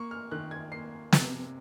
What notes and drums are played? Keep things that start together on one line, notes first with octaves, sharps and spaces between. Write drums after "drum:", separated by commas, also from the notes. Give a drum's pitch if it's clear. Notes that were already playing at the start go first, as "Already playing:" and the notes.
Already playing: A#3 C#6
F6
D#3 F#6
G#6
A#3 C7
C3, drum: snare